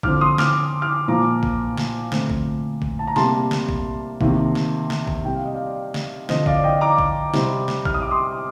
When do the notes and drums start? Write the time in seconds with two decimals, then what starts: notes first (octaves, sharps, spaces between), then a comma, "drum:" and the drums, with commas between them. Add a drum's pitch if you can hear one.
0.03 D3 F3 C4 D6 F6, drum: kick A#1
0.21 C6 D#6
0.38 D6 F6, drum: snare
0.82 D6 F6
1.08 A#2 F3 A#3 A#5 D6
1.43 drum: kick A#1
1.77 drum: snare
2.12 D3 F3 A3 C4, drum: snare
2.30 drum: kick A#1
2.82 drum: kick A#1
2.99 A5
3.07 A#5
3.16 C3 G3 A#3 A5 C6, drum: snare
3.51 drum: snare
3.69 drum: kick A#1
4.21 C3 D#3 A#3, drum: kick A#1
4.55 drum: snare
4.90 drum: snare
5.07 drum: kick A#1
5.25 C3 G3 C4 G5
5.35 F5
5.45 D#5
5.54 D5 F5
5.94 drum: snare
6.29 D3 F3 C4 C5 D#5, drum: snare
6.46 D5 F5, drum: kick A#1
6.64 D#5 G5
6.81 A#5 D6
6.99 drum: kick A#1
7.34 C3 G3 C4, drum: snare
7.68 drum: snare
7.85 F6, drum: kick A#1
7.94 D#6
8.02 D6
8.11 C6 D#6